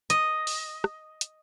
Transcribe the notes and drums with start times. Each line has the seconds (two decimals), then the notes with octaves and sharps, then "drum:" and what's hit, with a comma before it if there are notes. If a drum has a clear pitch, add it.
0.10 D#5, drum: hi-hat
0.47 drum: open hi-hat
0.84 drum: rim click
1.21 drum: hi-hat